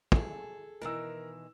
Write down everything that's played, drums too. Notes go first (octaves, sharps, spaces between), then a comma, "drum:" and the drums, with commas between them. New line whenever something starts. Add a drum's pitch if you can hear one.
G#4 A4, drum: kick
B2 D#3 E3 A#4 E6